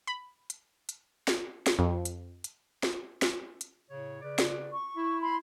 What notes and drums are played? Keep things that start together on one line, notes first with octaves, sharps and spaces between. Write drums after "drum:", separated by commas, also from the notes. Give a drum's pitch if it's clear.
B5
drum: hi-hat
drum: hi-hat
drum: snare
drum: snare
F2
drum: hi-hat
drum: hi-hat
drum: snare
drum: snare
drum: hi-hat
A2 C#3 C#5
C#3 B4 D5
drum: snare
C#6
E4
B5 C6